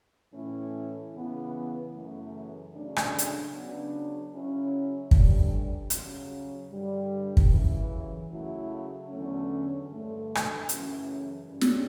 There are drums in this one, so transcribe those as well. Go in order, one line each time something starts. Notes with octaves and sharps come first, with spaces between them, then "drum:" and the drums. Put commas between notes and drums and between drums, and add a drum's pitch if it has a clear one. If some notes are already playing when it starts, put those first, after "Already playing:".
A2 E3 A3 C#4 E4
C#3 E3 B3 E4
F#2 C#3 E3 A3
C#3 F#3 A3 D4
drum: rim click
drum: hi-hat
C#3 F#3 B3 D4
C#3 F#3 C#4 E4
A2 E3 G3 D4, drum: kick
C#3 F#3 C#4, drum: hi-hat
G2 D3 G3
drum: kick
F#2 C#3 E3
C#3 F#3 A3 E4
E2 D3 F#3 A3 C#4
G2 D3 A3
drum: rim click
F#2 C#3 E3 A3 C#4, drum: hi-hat
G2 D3 G3 C#4
drum: snare